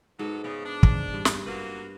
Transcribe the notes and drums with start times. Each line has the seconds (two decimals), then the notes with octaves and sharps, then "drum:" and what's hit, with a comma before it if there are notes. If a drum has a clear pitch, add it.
0.19 G#2 F#3 B3 A4
0.44 C#3 B3
0.65 D4
0.83 drum: kick
1.14 G2
1.25 drum: snare
1.46 F#3 A#3 B4